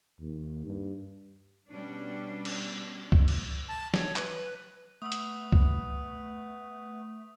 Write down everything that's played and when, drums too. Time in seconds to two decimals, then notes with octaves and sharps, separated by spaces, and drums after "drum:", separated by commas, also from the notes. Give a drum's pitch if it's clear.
0.20 D#2
0.66 G2
1.69 B2 G3 C#4 D4
2.45 drum: cymbal
3.12 drum: kick C#2
3.28 drum: cymbal
3.68 A5
3.94 C#5, drum: snare
4.16 B4, drum: clap
5.02 A3 B3 B4 D#6 E6
5.12 drum: hi-hat
5.52 drum: kick C#2